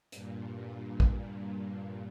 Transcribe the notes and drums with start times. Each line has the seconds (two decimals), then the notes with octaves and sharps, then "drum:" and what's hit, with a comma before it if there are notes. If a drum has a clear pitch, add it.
0.12 G2 A#2, drum: hi-hat
1.00 drum: kick